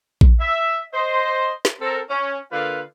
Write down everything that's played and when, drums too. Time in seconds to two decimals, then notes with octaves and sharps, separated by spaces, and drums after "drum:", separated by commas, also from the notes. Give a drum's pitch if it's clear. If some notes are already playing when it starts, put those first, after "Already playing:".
0.21 drum: kick A#1
0.40 E5
0.93 C5 D#5
1.65 drum: snare
1.80 C4 A4 A#4
2.10 C#4
2.51 D3 A#3 F4 B4 F5